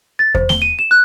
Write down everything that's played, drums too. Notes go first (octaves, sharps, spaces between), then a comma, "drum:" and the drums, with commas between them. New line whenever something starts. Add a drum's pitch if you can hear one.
A6
C5, drum: kick E2
G7, drum: snare A3
D#7
E7
F#6